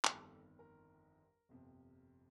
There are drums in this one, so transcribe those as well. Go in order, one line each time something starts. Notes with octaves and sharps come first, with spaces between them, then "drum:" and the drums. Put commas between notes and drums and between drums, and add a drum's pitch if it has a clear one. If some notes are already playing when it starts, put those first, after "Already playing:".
G1 F2 D#3 G3 A4, drum: clap
A4
A#4
G1 F2 C3